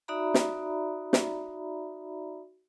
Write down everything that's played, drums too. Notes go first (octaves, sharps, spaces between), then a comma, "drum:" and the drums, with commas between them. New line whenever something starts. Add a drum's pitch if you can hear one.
D#4 F#4 D5 E5 A#5 B5
drum: snare
drum: snare